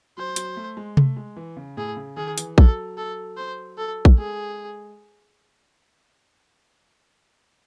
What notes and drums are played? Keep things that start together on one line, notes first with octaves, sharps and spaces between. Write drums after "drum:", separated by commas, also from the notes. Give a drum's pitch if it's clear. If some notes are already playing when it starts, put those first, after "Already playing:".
F#3 C5
F#3, drum: hi-hat
A3
G#3
A3, drum: tom C3
G#3
E3
C#3
A2 G#4
C#3
D#3 G#4
E3, drum: hi-hat
F#3 A4, drum: kick A#1
A4
C5
A4
A3, drum: kick A#1
G#3 G#4